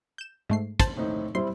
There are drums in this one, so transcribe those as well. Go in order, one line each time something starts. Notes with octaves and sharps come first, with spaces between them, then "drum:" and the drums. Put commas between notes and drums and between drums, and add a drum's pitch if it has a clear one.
G6 E7
G#2 A3 C7
C5 A5 A6, drum: kick, hi-hat
A2 C4 D#4
G3 C4 E4 C6